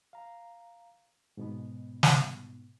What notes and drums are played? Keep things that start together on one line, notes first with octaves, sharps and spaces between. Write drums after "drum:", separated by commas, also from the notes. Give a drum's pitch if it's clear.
F5 A#5
G#2 B2 B3
drum: snare